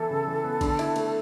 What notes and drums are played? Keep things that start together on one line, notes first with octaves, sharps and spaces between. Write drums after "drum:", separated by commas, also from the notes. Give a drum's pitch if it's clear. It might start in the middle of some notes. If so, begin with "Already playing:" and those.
Already playing: E3 B3 E4 A4
C#3
E3
B3
D3, drum: kick A1, cymbal
E4, drum: cymbal
A3, drum: cymbal